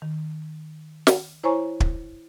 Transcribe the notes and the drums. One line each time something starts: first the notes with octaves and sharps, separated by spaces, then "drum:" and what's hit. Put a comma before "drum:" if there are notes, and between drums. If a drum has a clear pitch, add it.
D#3
drum: snare
E4 C5 C#5 G#5 A#5 C#6
drum: kick